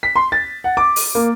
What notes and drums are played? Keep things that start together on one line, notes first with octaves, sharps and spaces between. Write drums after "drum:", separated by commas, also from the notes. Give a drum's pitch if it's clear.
B6
C6
A6
F#5
D6
drum: open hi-hat
A#3